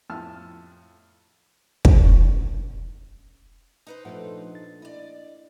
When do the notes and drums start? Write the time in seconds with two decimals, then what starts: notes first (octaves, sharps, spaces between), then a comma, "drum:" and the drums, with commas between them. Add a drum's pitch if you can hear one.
0.10 F2 A2 E4 A5 E6 F6
1.85 drum: kick
2.05 C#4
3.87 D#4 B4 C5
4.05 A#2 F3 A3 D4 A4 F#5
4.55 A6
4.82 E4 D5 D#5